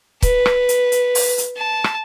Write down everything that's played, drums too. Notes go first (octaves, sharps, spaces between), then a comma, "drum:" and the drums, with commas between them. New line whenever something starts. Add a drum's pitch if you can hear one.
B4, drum: kick, hi-hat
drum: rim click
drum: hi-hat
drum: hi-hat
drum: open hi-hat
drum: hi-hat
A5
drum: rim click